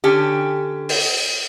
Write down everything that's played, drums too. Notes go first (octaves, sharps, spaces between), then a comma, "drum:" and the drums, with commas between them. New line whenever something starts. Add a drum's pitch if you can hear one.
D3 C#4 G4
drum: open hi-hat